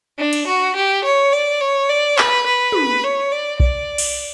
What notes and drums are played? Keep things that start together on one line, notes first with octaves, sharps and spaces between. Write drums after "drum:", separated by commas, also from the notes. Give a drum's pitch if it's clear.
D4
drum: cymbal
F#4
G4
C#5
D5
C#5
D5
B4, drum: clap
B4
drum: tom
C#5
D5
D5, drum: kick B1
drum: cymbal